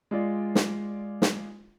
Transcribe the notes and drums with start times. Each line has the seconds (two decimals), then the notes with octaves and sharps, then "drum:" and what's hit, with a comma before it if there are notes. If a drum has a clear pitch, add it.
0.11 G#3 F4 D5
0.55 drum: snare
1.22 drum: snare